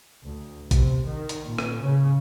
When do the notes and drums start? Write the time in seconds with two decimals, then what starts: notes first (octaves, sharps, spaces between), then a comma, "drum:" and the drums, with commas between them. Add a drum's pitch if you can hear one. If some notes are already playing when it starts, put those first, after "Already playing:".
0.25 D2
0.71 C3, drum: kick A#1, hi-hat
1.07 D#3
1.29 drum: hi-hat
1.46 A#2
1.58 drum: rim click
1.79 C#3